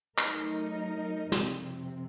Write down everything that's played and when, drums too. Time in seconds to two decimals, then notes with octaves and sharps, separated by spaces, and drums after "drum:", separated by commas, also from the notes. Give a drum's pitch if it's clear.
0.18 F#3 A3 D#4 A#4, drum: clap
1.32 F2 C3 F3 C4, drum: snare